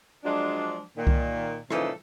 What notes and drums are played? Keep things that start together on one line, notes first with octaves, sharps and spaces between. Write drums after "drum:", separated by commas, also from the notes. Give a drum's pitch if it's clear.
F3 F#3 G#3 D4
A#2 D#3
drum: kick C2
A#2 C#3 E3 F3 D#4 A4, drum: rim click